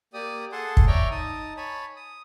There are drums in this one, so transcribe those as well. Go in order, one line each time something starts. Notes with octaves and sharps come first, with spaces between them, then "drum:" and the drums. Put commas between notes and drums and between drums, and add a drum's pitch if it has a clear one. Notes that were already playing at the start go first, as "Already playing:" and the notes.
A#3 G4 D5 D#6
G#4 A4 F#5 G#5 A5 C6
drum: kick
C#5 D5 E5 G5 A#5
D#4 A5 D#6
C#5 G#5 A5 B5
D#6